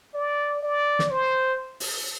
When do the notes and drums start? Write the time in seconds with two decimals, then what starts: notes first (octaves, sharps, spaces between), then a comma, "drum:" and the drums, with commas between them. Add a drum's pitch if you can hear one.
0.14 D5
0.62 D5
0.99 drum: snare
1.10 C5
1.80 drum: open hi-hat